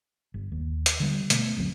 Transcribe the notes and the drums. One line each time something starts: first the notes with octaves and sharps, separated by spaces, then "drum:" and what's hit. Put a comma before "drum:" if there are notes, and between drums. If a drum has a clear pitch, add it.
G1
D#2
drum: hi-hat
D3 G3
B2 A3, drum: hi-hat
G1 D2 F#3 C4